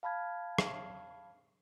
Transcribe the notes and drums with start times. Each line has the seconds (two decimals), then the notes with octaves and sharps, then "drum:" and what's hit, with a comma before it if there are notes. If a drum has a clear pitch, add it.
0.03 F5 A5 B5 F6 G#6
0.58 drum: rim click